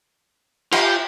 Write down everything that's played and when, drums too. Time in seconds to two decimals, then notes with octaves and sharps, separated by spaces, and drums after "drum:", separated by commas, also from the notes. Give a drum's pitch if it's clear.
0.72 F4 G4 C5, drum: cymbal